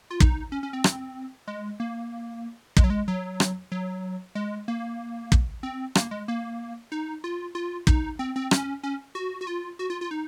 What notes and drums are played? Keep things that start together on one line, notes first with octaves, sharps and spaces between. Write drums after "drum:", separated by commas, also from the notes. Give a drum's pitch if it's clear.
F4
D#4, drum: kick
C#4
C#4
C4
drum: rim click
G#3
A#3
G#3, drum: kick
F#3
G#3
F#3
drum: rim click
F#3
G#3
A#3
drum: kick
C4
A#3, drum: rim click
G#3
A#3
D#4
F4
F4
D#4, drum: kick
C4
C4
C#4, drum: rim click
C#4
F#4
F#4
F4
F#4
F4
F4
D#4